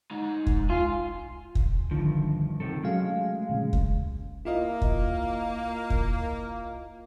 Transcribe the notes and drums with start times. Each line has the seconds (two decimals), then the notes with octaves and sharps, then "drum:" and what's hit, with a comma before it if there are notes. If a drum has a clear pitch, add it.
0.11 G#3 D#4
0.47 drum: kick
0.70 F4 G#5
1.55 drum: kick
1.91 G2 D3 D#3 F3
2.60 C3 D#3 A4
2.84 F#3 G#3 A3 C#4 F5
3.49 A#2 C#3
3.73 drum: kick
4.45 A#3 E4 F4 D#5
4.82 drum: kick
5.90 drum: kick